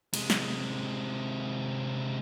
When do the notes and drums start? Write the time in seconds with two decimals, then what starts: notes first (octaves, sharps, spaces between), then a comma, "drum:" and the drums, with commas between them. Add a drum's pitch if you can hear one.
0.14 C3 G#3, drum: cymbal
0.30 drum: snare